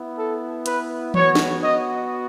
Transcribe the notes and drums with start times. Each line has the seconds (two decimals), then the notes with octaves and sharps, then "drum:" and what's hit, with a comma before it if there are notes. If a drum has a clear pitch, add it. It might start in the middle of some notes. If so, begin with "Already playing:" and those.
Already playing: B3 E4
0.18 A4
0.66 B4, drum: hi-hat
1.14 B3 F#4 C#5, drum: tom E3
1.35 drum: snare
1.62 D#5